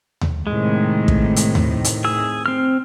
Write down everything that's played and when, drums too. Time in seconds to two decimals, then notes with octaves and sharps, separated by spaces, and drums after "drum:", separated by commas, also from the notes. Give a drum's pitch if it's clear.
0.21 drum: tom D#2
0.47 A2 C3 D#3 G#3
1.08 drum: kick
1.36 drum: hi-hat
1.55 drum: tom D#2
1.84 drum: hi-hat
2.04 G#4 E6
2.46 C4 F6